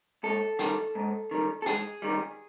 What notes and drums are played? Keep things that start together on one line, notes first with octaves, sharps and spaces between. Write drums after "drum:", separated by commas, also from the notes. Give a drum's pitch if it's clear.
G#2 A4
D#3 G3, drum: hi-hat
G#2
D#3 G3
A4
G#2 G#4, drum: hi-hat
D#3 G3